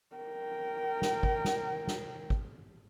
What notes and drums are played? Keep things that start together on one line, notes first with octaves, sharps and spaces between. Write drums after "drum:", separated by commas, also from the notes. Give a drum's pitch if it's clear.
A#4 G5
drum: snare
drum: kick
drum: snare
drum: snare
drum: kick